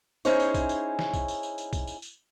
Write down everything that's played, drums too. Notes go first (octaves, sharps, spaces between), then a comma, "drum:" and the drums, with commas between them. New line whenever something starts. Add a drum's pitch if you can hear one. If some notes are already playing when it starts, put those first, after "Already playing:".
C#4 D#4 E4 G#4 C5 C#5, drum: tambourine
drum: tambourine
drum: kick, tambourine
drum: tambourine
drum: snare
drum: kick, tambourine
drum: tambourine
drum: tambourine
drum: tambourine
drum: kick, tambourine
drum: tambourine
drum: tambourine